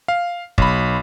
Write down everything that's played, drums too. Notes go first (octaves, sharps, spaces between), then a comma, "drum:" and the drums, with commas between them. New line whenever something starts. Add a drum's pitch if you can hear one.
F5
B1 B5, drum: kick